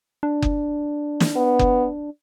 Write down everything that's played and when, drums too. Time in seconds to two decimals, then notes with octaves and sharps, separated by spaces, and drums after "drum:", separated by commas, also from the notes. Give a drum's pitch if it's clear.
0.23 D4
0.42 drum: kick F#1
1.20 drum: snare
1.36 B3
1.59 drum: kick F#1